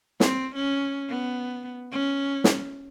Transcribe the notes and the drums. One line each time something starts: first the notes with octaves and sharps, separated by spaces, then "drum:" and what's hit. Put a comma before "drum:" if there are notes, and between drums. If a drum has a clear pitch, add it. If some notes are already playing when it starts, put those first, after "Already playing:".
C4, drum: snare
C#4
B3
C#4
drum: snare